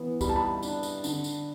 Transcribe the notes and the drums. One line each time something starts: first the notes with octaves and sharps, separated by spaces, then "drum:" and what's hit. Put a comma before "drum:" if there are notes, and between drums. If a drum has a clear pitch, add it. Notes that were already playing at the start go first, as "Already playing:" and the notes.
Already playing: E3 B3
G3 B5, drum: kick, tambourine
A5
B5
D4, drum: tambourine
drum: tambourine
D3, drum: tambourine
drum: tambourine